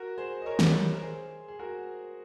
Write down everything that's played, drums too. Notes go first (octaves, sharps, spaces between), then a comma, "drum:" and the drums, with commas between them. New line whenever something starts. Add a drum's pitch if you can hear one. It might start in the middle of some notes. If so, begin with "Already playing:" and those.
Already playing: F#4 A#4
G#4 C5
D#5
A#4 C#5
drum: snare
A#4
G#4 C5
G#4
F#4 A#4